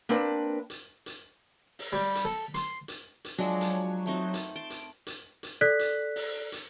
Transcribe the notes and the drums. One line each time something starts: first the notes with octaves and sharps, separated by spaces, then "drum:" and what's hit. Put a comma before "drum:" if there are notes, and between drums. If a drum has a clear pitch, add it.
A#3 C4 D4 B4
drum: hi-hat
drum: hi-hat
drum: open hi-hat
G3
drum: hi-hat
A4
C6, drum: hi-hat
drum: hi-hat
drum: hi-hat
F3 F#3 G#3 D4
drum: hi-hat
A3 C4 D#4
drum: hi-hat
A5 C6 D7
drum: hi-hat
drum: hi-hat
drum: hi-hat
A4 D5 F#6 B6
drum: hi-hat
drum: open hi-hat
drum: hi-hat